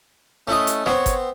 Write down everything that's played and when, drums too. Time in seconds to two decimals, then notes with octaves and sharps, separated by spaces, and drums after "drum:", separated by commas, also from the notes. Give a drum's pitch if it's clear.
0.48 A3 C#4 E4 D#5
0.67 drum: hi-hat
0.86 B3 C4 C#5, drum: rim click
1.06 drum: kick G1, hi-hat